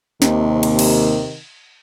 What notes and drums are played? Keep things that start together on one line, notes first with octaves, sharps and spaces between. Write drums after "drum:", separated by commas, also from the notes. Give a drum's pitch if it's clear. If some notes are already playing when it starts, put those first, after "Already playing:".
D#2 C3 D#3, drum: snare
drum: cymbal
drum: cymbal